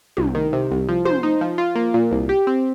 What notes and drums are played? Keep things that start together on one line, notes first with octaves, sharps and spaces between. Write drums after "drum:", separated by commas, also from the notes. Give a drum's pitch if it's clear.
C2, drum: tom
D#3
C3
C2
F3
C5, drum: tom
D#4
F3
F4
A#3
A#2
C2
G4
C4